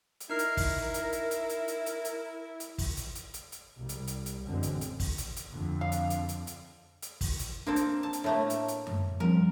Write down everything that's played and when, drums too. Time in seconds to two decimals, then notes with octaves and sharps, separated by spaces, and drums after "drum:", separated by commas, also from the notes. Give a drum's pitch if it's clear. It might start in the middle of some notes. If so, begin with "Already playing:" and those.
0.20 drum: hi-hat
0.30 D#4 E4 A#4 F6 C7
0.39 drum: hi-hat
0.57 drum: kick, open hi-hat
0.94 drum: hi-hat
1.12 drum: hi-hat
1.31 drum: hi-hat
1.49 drum: hi-hat
1.68 drum: hi-hat
1.86 drum: hi-hat
2.05 drum: hi-hat
2.60 drum: hi-hat
2.78 drum: kick, open hi-hat
2.97 drum: hi-hat
3.15 drum: hi-hat
3.34 drum: hi-hat
3.52 drum: hi-hat
3.77 C2 G3
3.89 drum: hi-hat
4.07 drum: hi-hat
4.26 drum: hi-hat
4.44 A1 F#2 A2 D3 G#3 C4
4.63 drum: hi-hat
4.81 drum: hi-hat
5.00 drum: kick, open hi-hat
5.18 drum: hi-hat
5.36 drum: hi-hat
5.51 F2 D3
5.81 F5
5.92 drum: hi-hat
6.10 drum: hi-hat
6.29 drum: hi-hat
6.47 drum: hi-hat
7.02 drum: hi-hat
7.21 drum: kick, open hi-hat
7.39 drum: hi-hat
7.67 A#3 C4 D4 A4
7.76 drum: hi-hat
8.03 A5
8.13 drum: hi-hat
8.24 A2 A3 A#3
8.50 drum: hi-hat
8.68 drum: hi-hat
8.87 drum: tom F#2
9.20 F3 G3 C4 A#4